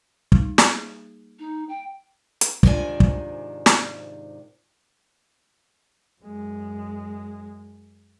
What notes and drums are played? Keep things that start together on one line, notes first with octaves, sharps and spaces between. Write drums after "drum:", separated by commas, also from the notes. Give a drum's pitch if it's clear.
G3 D#4, drum: kick
A#3 G#4, drum: snare
D#4
G5
drum: hi-hat
G#2 C3 D#3 F3 D4 G#5, drum: kick
drum: kick
drum: snare
F#2 G#3